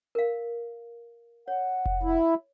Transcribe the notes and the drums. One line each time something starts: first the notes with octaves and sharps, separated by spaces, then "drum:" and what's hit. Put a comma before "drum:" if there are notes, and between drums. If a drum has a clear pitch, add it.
A#4 F5
C#5 F#5
drum: kick F1
E4